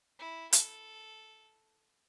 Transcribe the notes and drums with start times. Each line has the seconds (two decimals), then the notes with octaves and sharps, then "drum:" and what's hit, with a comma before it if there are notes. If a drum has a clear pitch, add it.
0.19 E4
0.53 A4, drum: hi-hat